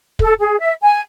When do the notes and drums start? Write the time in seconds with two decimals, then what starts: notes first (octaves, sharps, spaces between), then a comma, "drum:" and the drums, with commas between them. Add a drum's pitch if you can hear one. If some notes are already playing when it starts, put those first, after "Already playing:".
0.19 A4, drum: kick
0.39 G#4
0.60 E5
0.82 G#5